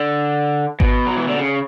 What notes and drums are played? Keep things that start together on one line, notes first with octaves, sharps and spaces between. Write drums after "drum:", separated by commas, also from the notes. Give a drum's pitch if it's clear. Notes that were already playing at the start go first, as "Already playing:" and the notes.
Already playing: D3
B2, drum: kick G#1
F#3
E3
D3
C#3